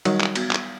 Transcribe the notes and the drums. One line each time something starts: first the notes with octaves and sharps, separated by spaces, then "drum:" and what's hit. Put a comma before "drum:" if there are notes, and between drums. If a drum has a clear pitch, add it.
D#3 F#3 G3, drum: cymbal
drum: clap
B3 F#4, drum: cymbal
drum: clap